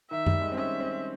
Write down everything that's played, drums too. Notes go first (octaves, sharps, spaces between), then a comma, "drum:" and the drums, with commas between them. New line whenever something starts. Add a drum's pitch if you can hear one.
D#3 E5
G3, drum: tom F#2
G#3
C4
C#4 E5
C4